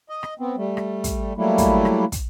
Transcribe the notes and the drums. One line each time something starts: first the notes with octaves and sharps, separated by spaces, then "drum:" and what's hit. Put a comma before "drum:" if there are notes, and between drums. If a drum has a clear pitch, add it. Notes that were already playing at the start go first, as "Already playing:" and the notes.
D#5
drum: rim click
B3 C4
G3 A3
drum: rim click
drum: kick, hi-hat
F#3 G3 A3 A#3 E4
drum: kick, hi-hat
drum: rim click
drum: kick, hi-hat